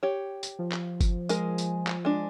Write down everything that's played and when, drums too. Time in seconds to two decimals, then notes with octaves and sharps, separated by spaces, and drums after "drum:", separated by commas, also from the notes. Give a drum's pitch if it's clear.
0.03 G4 C#5
0.43 drum: tambourine
0.59 F3
0.72 drum: clap
1.01 drum: kick G1, tambourine
1.29 G#3 G#4 A#4, drum: tambourine
1.58 drum: tambourine
1.87 drum: clap
2.05 G#3 D4